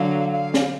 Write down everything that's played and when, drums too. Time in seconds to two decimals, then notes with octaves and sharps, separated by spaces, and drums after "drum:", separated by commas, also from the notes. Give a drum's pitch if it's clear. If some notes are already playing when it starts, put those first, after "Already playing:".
Already playing: D3 F#3 F5
0.33 F5
0.54 drum: snare